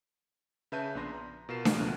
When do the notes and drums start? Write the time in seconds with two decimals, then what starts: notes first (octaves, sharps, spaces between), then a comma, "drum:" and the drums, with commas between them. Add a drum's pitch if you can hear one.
0.72 C#3 B4 E5 A5 G6 D#7
0.95 A#1 B3 D4 C6 A#6
1.11 A#5
1.49 B2 F4 A#4 C7 E7
1.65 A2, drum: snare D4
1.79 D2 B2 F3 F6 F#6 D#7